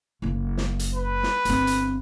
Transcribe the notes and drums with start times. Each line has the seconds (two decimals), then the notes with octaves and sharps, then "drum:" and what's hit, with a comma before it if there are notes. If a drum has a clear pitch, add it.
0.22 F#1 C#3
0.57 drum: snare
0.79 drum: hi-hat
0.94 B4
1.23 drum: snare
1.45 G1 C4, drum: hi-hat
1.67 drum: hi-hat